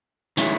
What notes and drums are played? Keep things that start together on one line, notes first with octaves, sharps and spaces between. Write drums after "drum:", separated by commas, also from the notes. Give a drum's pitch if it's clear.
D#3 G#3 C#4 E4, drum: hi-hat